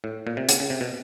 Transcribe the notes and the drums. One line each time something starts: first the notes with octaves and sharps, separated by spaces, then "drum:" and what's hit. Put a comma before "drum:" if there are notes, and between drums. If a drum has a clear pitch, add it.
A2
A#2
C3
C#3, drum: hi-hat
C#3
C3
B2